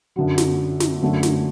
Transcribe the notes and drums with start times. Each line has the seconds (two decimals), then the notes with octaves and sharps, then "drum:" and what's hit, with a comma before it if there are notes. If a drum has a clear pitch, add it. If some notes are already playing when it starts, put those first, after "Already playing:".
0.16 F#2 D3 F#3
0.38 drum: snare
0.80 drum: snare
1.02 F#2 D3 F#3 A3
1.23 drum: snare